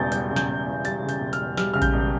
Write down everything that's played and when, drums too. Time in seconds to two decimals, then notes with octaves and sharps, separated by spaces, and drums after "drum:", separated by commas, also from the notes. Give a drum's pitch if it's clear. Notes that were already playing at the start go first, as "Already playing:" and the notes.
Already playing: E1 E2 C#3 G3 G6 A6
0.12 G3 G6, drum: hi-hat
0.30 C#3
0.36 G6, drum: snare
0.48 E1
0.67 E2
0.85 G3 A6, drum: hi-hat
1.03 C#3
1.09 G6, drum: hi-hat
1.21 E1
1.33 F6, drum: hi-hat
1.39 E2
1.57 G3 F6, drum: snare
1.74 C#3 F6
1.82 G6, drum: kick A1, hi-hat
1.94 E1